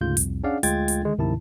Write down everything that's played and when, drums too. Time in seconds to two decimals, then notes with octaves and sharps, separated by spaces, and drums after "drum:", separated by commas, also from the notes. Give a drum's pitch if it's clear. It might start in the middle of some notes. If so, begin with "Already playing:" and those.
0.01 D2 G#2 C#3 F4 G6
0.17 C2 F2, drum: hi-hat
0.44 C#4 D4 G#4 D5 F5 F#5
0.63 D2 G#3 F4 G5 G#6 A6, drum: hi-hat
0.88 drum: hi-hat
1.02 D3 D#3 G#3
1.18 D2 G#2 C3 D#3 E4 A5